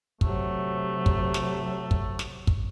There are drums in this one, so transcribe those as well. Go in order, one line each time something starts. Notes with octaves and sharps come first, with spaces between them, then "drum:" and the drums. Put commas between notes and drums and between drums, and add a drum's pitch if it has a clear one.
C3 F#3 A3, drum: kick
drum: kick
drum: snare
drum: kick
drum: snare
drum: kick